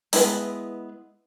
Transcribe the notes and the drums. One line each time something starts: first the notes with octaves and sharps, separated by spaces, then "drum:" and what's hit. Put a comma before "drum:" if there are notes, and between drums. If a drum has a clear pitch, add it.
G#3 B3 E4 B4, drum: open hi-hat